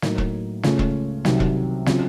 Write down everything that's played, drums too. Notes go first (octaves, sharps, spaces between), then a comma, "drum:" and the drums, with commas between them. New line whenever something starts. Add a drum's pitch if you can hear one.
A2 F#3 A#3 D#4, drum: snare
drum: kick E1
C#2 C#3 A3 C#4 F4, drum: snare
drum: kick E1
C2 C3 D#3 F#3, drum: snare
drum: kick E1
C#3 F#3 C4 F4, drum: snare